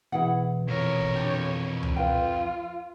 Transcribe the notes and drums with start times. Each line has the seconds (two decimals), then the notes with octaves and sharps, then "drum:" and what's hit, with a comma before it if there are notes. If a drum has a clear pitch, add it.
0.12 B2 E3 E4 G#4 F#5
0.68 F2 A#4 C#5
1.01 drum: kick
1.15 D4 G4
1.83 drum: tom C#2
1.96 F4 B4 G5